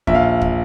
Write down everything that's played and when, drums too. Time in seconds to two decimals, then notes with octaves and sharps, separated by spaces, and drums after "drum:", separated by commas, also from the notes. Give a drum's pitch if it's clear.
0.07 A#1 E5, drum: kick
0.15 F5
0.41 drum: kick